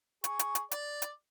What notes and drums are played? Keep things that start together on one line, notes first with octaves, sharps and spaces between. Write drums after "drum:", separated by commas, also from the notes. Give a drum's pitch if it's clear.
G#4 C#6, drum: hi-hat
drum: hi-hat
drum: hi-hat
D5, drum: hi-hat
drum: hi-hat